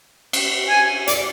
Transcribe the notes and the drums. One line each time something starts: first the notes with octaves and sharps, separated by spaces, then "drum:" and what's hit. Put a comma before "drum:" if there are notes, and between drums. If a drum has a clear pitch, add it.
drum: cymbal
G#5
D5, drum: hi-hat